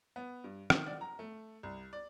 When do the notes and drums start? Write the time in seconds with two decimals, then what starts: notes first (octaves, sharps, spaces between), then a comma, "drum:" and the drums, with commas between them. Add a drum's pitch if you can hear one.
0.16 B3
0.44 G2
0.70 D#3, drum: rim click
0.87 D5
1.01 A#5
1.19 A3
1.63 C2
1.93 D5